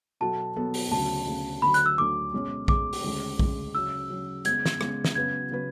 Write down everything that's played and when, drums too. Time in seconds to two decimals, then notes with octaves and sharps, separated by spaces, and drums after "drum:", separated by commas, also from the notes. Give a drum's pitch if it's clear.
0.21 B2 F#3 B3 F#4 A4 A5
0.56 B2 F#3 B3 F#4 A4
0.74 drum: open hi-hat
0.91 D2 C#3 F#3 A5
1.27 D2 C#3 F#3
1.62 D2 D3 F#3 B5
1.74 F#6, drum: hi-hat
1.86 E6
1.98 D2 D3 F#3 D6
2.33 B2 G#3 C#4 G#4
2.68 B2 G#3 C#4 G#4 D6, drum: kick A#1
2.93 drum: open hi-hat
3.04 D2 C#3 G#3 C#4
3.39 D2 C#3 G#3 C#4, drum: kick A#1
3.75 C#3 F#3 C#4 E6
4.10 C#3 F#3 C#4
4.45 C#3 G#3 B3 G#6, drum: hi-hat
4.66 drum: snare
4.81 C#3 G#3 B3, drum: rim click
5.04 drum: snare
5.15 C#3 F#3 B3 F#4 B4 G#6
5.51 C#3 F#3 B3 F#4 B4